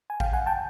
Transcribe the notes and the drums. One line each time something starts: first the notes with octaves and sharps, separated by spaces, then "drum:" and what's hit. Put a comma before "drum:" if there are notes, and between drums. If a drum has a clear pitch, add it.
G#5
F5 G5, drum: kick A1
F#5 G#5
G5 A5